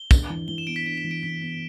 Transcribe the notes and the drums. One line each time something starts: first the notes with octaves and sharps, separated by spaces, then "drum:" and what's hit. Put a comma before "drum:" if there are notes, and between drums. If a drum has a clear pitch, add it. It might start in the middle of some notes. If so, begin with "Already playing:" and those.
Already playing: G7
D4, drum: kick, tambourine
E3
E3 G7
E7
B3 D7
B6
D4 D7
E7
E3
D7
E3 B6
B3